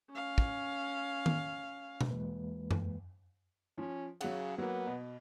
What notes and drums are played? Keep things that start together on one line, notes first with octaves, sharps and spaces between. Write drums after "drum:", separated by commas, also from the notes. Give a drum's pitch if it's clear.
C#4 F5
drum: kick
drum: tom D#3
drum: tom B2
E2 E3 G#3 A#3 B4
drum: tom F#2
F3 C#4
C#3 F#3 G#4 F#5, drum: cymbal
F#3 A#3 B3
B2